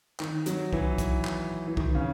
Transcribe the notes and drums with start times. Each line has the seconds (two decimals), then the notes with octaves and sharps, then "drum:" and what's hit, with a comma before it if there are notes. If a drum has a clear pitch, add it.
0.20 D#3, drum: clap
0.46 F#3, drum: hi-hat
0.73 E3, drum: kick C2
0.98 drum: kick C2, hi-hat
1.25 drum: clap
1.68 E3
1.77 D#3, drum: kick C2
1.95 C#3